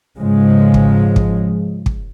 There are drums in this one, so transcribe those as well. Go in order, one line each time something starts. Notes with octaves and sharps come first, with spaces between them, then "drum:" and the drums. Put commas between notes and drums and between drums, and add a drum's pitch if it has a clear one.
G#2 C#3 F3 G#3
drum: kick
drum: kick
drum: kick